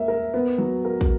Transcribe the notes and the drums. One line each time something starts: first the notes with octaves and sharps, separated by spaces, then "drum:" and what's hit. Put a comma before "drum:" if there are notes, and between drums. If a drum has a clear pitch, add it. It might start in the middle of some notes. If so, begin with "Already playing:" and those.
Already playing: A#3 E5
A#4
B3
F#3
A#4
drum: kick